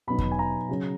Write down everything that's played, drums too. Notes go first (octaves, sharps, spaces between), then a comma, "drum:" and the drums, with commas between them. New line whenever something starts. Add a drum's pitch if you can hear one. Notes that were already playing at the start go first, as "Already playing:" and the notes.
B2 F#3 B3 D#4 B5
drum: kick E2
G#5
A#5
C#3 F#3 C#4